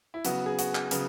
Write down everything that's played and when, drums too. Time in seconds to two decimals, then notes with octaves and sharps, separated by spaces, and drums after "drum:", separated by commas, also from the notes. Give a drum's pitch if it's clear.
0.14 E4
0.25 C#3 F#3 B3 F#4, drum: hi-hat
0.46 G#4
0.59 F#4, drum: hi-hat
0.75 drum: clap
0.91 C#3 F#3 B3, drum: hi-hat